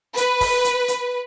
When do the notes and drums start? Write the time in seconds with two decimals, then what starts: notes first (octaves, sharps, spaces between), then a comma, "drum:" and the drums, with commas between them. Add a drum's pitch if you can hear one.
0.17 B4, drum: hi-hat
0.41 drum: kick, open hi-hat
0.64 drum: hi-hat
0.88 drum: hi-hat